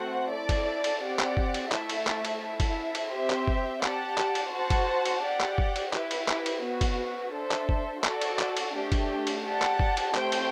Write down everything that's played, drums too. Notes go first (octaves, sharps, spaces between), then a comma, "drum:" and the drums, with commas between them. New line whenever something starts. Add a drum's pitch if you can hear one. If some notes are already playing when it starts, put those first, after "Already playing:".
Already playing: A3 C4 F#4 C5 F#5
E4 A4 D5
drum: kick, cymbal
drum: cymbal
C4 G4 D5 F#5
drum: clap
drum: kick
drum: cymbal
A3 E4 A4 E5 A5, drum: clap
drum: cymbal
drum: clap
drum: cymbal
E4 A4 E5
drum: kick, cymbal
drum: cymbal
C4 G4 C5 E5
drum: clap
drum: kick
G4 D5 F#5 A5, drum: clap
drum: clap
drum: cymbal
F#4 C5 F#5 A5
drum: kick, cymbal
drum: cymbal
G4 D5 F#5
drum: clap
drum: kick
drum: cymbal
E4 G4 B4, drum: clap
drum: cymbal
drum: clap
drum: cymbal
B3 F#4 B4
drum: kick, cymbal
D4 A4 C5 E5
drum: clap
drum: kick
F#4 A4 D5, drum: clap
drum: cymbal
drum: clap
drum: cymbal
A3 D4 G4
drum: kick, cymbal
drum: cymbal
G4 D5 F#5 A5
drum: clap
drum: kick
drum: cymbal
A3 C4 G4 C5 G5, drum: clap
drum: cymbal